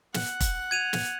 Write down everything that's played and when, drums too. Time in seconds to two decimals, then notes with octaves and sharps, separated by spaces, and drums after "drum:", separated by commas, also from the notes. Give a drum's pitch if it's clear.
0.14 F#5, drum: snare
0.40 drum: kick, hi-hat
0.71 G#6 D#7 F7
0.93 drum: snare